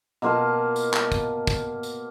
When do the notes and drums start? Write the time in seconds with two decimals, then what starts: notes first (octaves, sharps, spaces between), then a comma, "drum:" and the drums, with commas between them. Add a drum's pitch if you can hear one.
0.22 B2 A#3 F4 A5
0.76 drum: tambourine
0.94 drum: clap
1.12 drum: kick, tambourine
1.47 drum: kick, tambourine
1.83 drum: tambourine